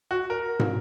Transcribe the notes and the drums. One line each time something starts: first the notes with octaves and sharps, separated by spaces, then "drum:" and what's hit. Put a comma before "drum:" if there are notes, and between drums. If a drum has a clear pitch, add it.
F#4
A#4
drum: tom